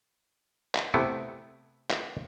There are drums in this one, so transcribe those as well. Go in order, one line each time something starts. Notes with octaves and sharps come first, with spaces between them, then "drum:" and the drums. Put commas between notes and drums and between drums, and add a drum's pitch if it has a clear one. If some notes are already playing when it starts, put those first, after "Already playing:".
drum: clap
C3 A3 B3 E4
drum: clap